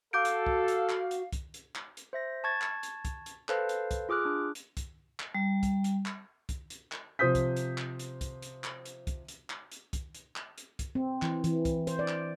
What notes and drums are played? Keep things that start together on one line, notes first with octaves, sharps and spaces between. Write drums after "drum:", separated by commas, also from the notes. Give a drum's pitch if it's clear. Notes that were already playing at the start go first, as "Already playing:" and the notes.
F#4 A4 F5 D6 G6 D7
drum: hi-hat
drum: kick C2
drum: hi-hat
drum: clap
drum: hi-hat
drum: kick C2, hi-hat
drum: hi-hat
drum: clap
drum: hi-hat
C5 E5 A#6
A5 C#6 G#6 A6
drum: clap
drum: hi-hat
drum: kick C2, hi-hat
drum: hi-hat
A4 B4 C5 F5 A5, drum: clap
drum: hi-hat
drum: kick C2, hi-hat
F4 G#4 D6 F6 F#6
D4
drum: hi-hat
drum: kick C2, hi-hat
drum: clap
G3
drum: kick C2, hi-hat
drum: hi-hat
drum: clap
drum: kick C2, hi-hat
drum: hi-hat
drum: clap
C3 F3 C5 D#6 G6 B6
drum: kick C2, hi-hat
drum: hi-hat
drum: clap
drum: hi-hat
drum: kick C2, hi-hat
drum: hi-hat
drum: clap
drum: hi-hat
drum: kick C2, hi-hat
drum: hi-hat
drum: clap
drum: hi-hat
drum: kick C2, hi-hat
drum: hi-hat
drum: clap
drum: hi-hat
drum: kick C2, hi-hat
C4
E3, drum: clap
E3, drum: hi-hat
drum: kick C2, hi-hat
C5, drum: hi-hat
D5
drum: clap